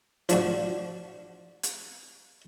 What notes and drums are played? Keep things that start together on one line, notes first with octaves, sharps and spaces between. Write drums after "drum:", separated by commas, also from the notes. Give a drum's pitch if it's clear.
F3 D4 F#4, drum: hi-hat
drum: hi-hat